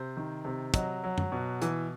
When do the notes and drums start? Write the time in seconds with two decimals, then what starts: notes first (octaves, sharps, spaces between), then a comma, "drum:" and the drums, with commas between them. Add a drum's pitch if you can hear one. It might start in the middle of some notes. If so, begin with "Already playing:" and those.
Already playing: C3 C5
0.17 D#3
0.45 C3
0.74 F#3 D#5, drum: kick, hi-hat
1.04 F#3
1.18 drum: tom F#2
1.32 B2
1.62 E3, drum: hi-hat